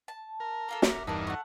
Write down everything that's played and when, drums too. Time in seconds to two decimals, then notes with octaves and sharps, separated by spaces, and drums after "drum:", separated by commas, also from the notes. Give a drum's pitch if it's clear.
0.08 A5
0.40 A#4
0.69 A#3 F4 A4
0.82 E5 F#5 D6, drum: snare
1.07 E2 G2 D4 D#4 A#4
1.27 A3 F#5